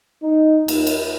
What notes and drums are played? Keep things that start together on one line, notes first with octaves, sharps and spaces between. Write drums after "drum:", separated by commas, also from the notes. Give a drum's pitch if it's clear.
D#4
D#2, drum: cymbal
drum: cymbal